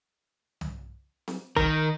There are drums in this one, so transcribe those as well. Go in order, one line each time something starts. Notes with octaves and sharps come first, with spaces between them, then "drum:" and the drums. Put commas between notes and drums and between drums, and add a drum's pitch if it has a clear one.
drum: tom C2
drum: snare C4
D#3 A#4, drum: kick